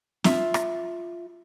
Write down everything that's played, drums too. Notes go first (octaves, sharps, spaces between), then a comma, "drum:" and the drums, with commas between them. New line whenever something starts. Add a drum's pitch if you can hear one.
F4 E5, drum: snare C4
drum: rim click